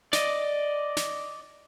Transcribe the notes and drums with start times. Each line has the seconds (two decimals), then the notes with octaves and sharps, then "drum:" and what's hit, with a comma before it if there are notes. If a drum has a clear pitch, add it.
0.13 D5 D#5, drum: snare
0.97 drum: snare